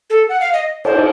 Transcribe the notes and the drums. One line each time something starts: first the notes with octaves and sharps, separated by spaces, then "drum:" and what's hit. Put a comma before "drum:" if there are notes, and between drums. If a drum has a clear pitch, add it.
A4
F#5
F5
D#5
C5, drum: cymbal